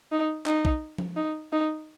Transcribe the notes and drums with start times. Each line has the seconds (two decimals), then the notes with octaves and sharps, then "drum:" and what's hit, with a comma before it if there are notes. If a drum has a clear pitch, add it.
0.12 D#4
0.46 D#4, drum: clap
0.65 drum: kick B1
0.98 drum: tom F3
1.16 D#4
1.52 D#4